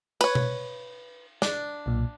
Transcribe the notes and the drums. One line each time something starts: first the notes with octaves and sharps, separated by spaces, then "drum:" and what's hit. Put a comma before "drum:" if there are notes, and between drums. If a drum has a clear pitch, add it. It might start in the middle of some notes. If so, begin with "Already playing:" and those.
B4 C#5, drum: cymbal
drum: tom B2
D4, drum: snare
B1 A#2